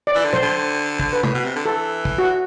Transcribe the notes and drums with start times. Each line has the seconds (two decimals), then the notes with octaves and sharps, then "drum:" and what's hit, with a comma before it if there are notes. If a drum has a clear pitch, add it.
0.07 D5
0.15 E3
0.25 D3
0.33 C5, drum: tom
0.42 D3
1.00 drum: kick
1.13 B4
1.23 A2, drum: tom
1.34 B2
1.44 C3
1.56 D3
1.66 E3 A4
2.05 drum: kick
2.18 F#4